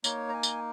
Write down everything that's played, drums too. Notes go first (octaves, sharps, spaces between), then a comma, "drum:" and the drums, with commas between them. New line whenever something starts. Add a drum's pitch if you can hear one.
A#3 D#4 C#5, drum: tambourine
A#5
G#5
drum: tambourine